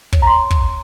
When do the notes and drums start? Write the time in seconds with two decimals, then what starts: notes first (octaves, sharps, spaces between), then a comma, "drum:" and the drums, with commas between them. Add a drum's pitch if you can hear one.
0.13 C#5, drum: kick
0.22 A#5
0.27 C6
0.51 drum: kick